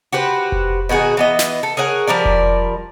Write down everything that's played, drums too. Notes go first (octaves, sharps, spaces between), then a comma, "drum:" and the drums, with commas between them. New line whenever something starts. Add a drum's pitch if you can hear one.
F#4 G4 B4 C5
drum: kick F1
B2 D#3 F#4 G#4
E3 B3 D#5
drum: snare
A4
G#4 A#4 C#5 F#5
F3 G3 A#4 D5
drum: kick F1